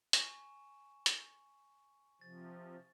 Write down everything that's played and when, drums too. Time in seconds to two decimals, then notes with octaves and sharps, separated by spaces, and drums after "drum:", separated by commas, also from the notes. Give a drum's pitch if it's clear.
0.13 G#5 C#6 E7, drum: hi-hat
1.06 drum: hi-hat
2.21 C3 F3 A6